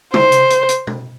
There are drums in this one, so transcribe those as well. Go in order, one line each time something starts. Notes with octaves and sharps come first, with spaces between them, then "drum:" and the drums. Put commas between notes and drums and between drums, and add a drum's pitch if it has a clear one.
C5, drum: tom
drum: hi-hat
drum: hi-hat
drum: hi-hat
drum: tom